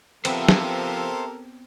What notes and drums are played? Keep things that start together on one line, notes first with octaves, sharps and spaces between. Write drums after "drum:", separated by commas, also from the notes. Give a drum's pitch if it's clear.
F3 B3 C4 G4 A4 A#4 C5 E5, drum: cymbal
drum: snare